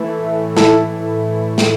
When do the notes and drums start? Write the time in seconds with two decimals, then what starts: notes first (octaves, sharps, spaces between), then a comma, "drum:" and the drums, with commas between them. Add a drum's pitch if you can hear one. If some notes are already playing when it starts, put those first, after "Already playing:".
Already playing: E3 A3 E4
0.19 A2
0.57 E3 E4 A4, drum: snare
1.58 drum: snare